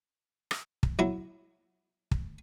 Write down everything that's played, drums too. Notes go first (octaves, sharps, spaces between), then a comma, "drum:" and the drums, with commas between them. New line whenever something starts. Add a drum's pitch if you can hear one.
drum: rim click
drum: kick
F#3 E4
drum: kick